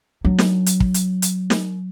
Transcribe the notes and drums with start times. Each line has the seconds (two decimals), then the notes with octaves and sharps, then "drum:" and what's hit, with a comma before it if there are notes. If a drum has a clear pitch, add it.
0.25 F#3 D4
0.38 drum: snare
0.66 drum: hi-hat
0.80 drum: kick
0.94 drum: hi-hat
1.22 drum: hi-hat
1.50 drum: snare